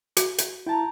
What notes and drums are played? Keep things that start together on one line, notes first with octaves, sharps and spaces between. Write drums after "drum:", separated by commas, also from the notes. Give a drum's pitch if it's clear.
F#4, drum: hi-hat
drum: hi-hat
E4 G5 A5 A#5